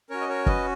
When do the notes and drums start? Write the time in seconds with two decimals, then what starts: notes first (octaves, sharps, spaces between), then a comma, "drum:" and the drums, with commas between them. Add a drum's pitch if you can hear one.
0.10 C#4 F#4 A#4 C#5
0.21 D#5
0.28 A#4 C#5
0.46 B4 D#5, drum: kick